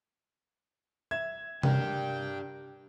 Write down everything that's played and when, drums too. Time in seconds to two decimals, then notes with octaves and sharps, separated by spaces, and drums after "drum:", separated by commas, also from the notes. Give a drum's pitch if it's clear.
1.11 E5 G#6 E7
1.63 D4 G4 A#4 G5, drum: tom C3